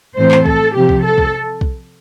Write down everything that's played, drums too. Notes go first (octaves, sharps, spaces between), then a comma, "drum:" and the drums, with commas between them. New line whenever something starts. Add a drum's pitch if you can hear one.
A2 E3 A3 C4 C5
drum: clap
A4, drum: kick
C3 F3 C4 G4
drum: kick
A4
drum: kick
drum: kick